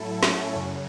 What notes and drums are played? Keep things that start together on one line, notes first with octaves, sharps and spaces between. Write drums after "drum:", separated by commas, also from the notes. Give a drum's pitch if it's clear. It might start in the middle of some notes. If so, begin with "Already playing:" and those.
Already playing: A2 F#3 A3 E4 A4
C#4 C#5, drum: snare
F#2 C#3 F#3